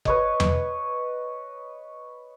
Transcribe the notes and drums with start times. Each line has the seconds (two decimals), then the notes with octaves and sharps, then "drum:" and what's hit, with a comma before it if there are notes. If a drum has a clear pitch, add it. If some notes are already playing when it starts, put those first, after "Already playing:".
0.05 B4 C#5 D#5, drum: kick F#1
0.40 drum: tom E2